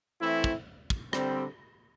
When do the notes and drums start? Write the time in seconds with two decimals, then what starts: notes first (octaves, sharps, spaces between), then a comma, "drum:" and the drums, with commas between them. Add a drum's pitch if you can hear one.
0.21 E3 A3 C4 E4
0.44 drum: kick
0.90 drum: kick
1.13 D3 G3 C4, drum: rim click